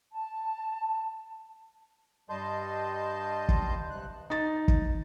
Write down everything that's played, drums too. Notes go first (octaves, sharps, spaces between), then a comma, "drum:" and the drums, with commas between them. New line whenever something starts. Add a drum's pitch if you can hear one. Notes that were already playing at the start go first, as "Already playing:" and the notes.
A5
G2 G3 D#5 A5 C6 G6
drum: kick
G2 C3 F#6
D#4 A6
drum: kick